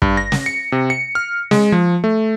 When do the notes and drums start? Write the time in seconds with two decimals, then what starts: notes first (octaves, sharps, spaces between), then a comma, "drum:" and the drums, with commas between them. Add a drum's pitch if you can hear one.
0.02 G2, drum: kick
0.17 A#6
0.32 drum: snare
0.46 C#7
0.72 C3
0.90 C#7
1.15 F6
1.51 G#3, drum: snare
1.72 F3
2.04 A3